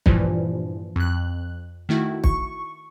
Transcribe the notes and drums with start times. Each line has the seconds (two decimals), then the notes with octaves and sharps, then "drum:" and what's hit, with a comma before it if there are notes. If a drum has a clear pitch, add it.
0.06 G2 A#2 E3 F3 G3, drum: kick
0.96 F2 F#6
1.89 D#3 A3 E4 F#4
2.24 C#6, drum: kick